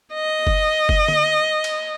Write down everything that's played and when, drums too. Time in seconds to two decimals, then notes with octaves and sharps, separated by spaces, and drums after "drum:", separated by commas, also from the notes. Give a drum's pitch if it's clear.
0.14 D#5
0.47 drum: kick F#1
0.89 drum: kick F#1
1.08 drum: tom D3
1.64 drum: cymbal